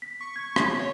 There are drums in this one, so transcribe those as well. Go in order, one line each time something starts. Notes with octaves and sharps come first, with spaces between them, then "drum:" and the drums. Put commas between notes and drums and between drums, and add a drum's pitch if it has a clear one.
B6
C#6
G#6
drum: rim click
C#5